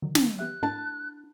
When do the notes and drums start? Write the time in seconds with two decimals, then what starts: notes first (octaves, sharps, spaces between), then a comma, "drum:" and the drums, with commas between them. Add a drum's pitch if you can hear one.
0.02 D3 D#3 F#3
0.15 drum: snare
0.39 B3 G4 E5 F#6
0.63 D4 A5